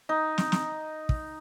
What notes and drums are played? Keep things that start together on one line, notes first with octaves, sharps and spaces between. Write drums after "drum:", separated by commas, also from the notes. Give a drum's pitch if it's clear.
D#4
drum: snare
drum: snare
drum: kick